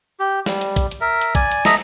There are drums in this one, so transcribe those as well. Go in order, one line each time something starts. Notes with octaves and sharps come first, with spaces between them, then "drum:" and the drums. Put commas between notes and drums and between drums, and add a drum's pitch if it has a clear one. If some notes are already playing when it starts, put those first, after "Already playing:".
G4
G3, drum: snare
drum: hi-hat
drum: kick A#1, hi-hat
drum: hi-hat
A#4 E5
drum: hi-hat
D5 G#5, drum: kick A#1, hi-hat
drum: hi-hat
A4 D#5 E5 A#5, drum: snare